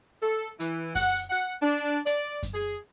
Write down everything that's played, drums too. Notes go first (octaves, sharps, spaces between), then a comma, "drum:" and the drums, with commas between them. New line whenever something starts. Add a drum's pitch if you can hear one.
A4
E3, drum: hi-hat
F#5, drum: kick F#2, open hi-hat
F#5
D4
D5, drum: hi-hat
drum: kick F#2, hi-hat
G#4